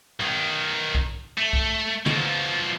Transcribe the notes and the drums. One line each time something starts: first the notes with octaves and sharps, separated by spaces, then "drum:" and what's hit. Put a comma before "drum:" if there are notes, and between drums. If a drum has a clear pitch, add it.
B1 D#3, drum: tom
drum: kick
A3
drum: kick
B2 F3, drum: tom